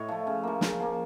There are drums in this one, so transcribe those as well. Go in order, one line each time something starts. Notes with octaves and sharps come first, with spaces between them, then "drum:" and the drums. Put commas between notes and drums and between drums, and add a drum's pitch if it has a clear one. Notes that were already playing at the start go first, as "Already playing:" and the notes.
Already playing: A2 C#5 D#5
F3 A3
C#3
F3 A#3
C#3, drum: snare
F3 A#3